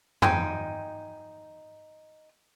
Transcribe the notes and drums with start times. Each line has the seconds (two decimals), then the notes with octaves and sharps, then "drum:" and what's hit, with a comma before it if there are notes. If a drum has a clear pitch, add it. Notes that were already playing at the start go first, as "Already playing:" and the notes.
0.22 D#4 G5 G#5, drum: tom